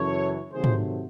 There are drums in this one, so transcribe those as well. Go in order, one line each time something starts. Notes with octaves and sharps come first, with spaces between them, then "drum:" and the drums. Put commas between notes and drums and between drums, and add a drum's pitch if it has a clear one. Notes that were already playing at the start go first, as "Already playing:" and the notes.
Already playing: F#2 C#3 E3 A4 C#5
C3 D#3 F#3 A3 G#4 C5
drum: tom G#2